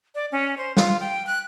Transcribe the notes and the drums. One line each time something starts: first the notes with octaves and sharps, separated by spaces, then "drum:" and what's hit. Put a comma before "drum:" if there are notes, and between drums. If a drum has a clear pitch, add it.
D5
C#4
C5
F4, drum: snare
G5
F#6